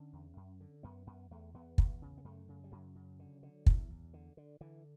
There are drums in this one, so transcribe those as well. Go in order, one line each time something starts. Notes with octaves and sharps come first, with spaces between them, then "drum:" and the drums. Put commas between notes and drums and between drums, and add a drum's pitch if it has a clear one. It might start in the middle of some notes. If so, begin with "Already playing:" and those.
Already playing: D3 C#4
E2
F#2
D3
F#2 B3
F#2 B3
E2 A3
E2 B3
E2, drum: kick
C#3
B3
F#2 A3
C#3
G3
F#2 F#3
C#3
D3
D3
E2, drum: kick
E2
D3
D3
D3 E3